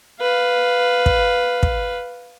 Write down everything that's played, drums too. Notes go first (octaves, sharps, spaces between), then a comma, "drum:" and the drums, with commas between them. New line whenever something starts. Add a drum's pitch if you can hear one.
B4 F5
drum: kick
drum: kick